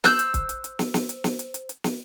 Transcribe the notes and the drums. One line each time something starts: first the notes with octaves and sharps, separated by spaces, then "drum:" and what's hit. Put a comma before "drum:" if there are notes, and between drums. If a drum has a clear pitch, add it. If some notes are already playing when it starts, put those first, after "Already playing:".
C5 E6 F#6 G6, drum: snare
drum: hi-hat
drum: kick, hi-hat
drum: hi-hat
drum: hi-hat
drum: snare
drum: snare
drum: hi-hat
drum: snare
drum: hi-hat
drum: hi-hat
drum: hi-hat
drum: snare